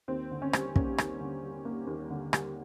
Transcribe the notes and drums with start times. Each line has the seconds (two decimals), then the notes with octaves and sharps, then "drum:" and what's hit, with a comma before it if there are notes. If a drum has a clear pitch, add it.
0.08 D#2 C4
0.31 D3
0.42 C#4
0.53 G3, drum: rim click
0.76 A#3 C#4, drum: kick
0.98 D#2, drum: rim click
1.21 D3
1.42 G3
1.65 A#3
1.87 D#2
2.10 D3
2.33 G3, drum: rim click